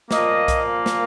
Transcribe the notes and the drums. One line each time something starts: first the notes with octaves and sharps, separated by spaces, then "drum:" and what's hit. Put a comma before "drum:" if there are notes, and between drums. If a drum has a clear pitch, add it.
A#2 F3 A#3 D#5, drum: snare
drum: kick B1, hi-hat
drum: snare